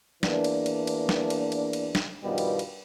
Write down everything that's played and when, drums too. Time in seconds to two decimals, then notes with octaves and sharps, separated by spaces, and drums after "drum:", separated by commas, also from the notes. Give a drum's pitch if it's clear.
0.23 E2 E3 A#3 D4, drum: snare
0.44 drum: cymbal
0.66 drum: cymbal
0.87 drum: cymbal
1.09 drum: snare
1.30 drum: cymbal
1.52 drum: cymbal
1.73 drum: cymbal
1.95 drum: snare
2.23 G2 B2 D#3 F3 G3 B3
2.38 drum: cymbal
2.59 drum: cymbal